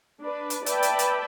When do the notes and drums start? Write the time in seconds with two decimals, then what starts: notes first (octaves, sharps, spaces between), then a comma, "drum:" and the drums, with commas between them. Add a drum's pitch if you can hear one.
0.22 D4 B4
0.50 drum: hi-hat
0.66 B4 D5 E5 G5 A5 B5, drum: hi-hat
0.83 drum: hi-hat
0.99 drum: hi-hat